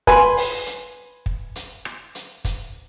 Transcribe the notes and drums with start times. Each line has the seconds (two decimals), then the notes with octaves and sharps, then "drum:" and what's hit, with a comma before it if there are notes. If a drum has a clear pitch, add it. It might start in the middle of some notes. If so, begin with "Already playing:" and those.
0.07 B4 G#5 B5 C6, drum: kick, hi-hat
0.37 drum: open hi-hat
0.67 drum: hi-hat
1.26 drum: kick
1.56 drum: hi-hat
1.85 drum: rim click
2.15 drum: hi-hat
2.45 drum: kick, hi-hat